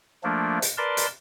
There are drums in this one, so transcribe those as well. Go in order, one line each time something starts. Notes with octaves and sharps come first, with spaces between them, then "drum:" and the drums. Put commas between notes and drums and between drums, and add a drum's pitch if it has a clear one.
F3 A3 A#3 D4
drum: hi-hat
A#4 B4 D5 A5 C6
drum: hi-hat